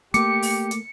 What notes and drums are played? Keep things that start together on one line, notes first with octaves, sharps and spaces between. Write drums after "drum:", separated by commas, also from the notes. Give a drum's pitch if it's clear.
A3 A#3 G4 D6 C#7, drum: hi-hat
drum: open hi-hat
drum: hi-hat